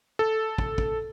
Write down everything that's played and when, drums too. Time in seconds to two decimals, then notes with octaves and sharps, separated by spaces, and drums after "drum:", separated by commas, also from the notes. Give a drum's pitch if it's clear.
0.19 A4
0.58 drum: kick
0.78 drum: kick